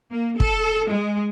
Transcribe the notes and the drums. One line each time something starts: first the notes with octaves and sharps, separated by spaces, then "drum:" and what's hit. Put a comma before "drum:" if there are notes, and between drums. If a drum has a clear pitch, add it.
A#3
A4, drum: kick
G#3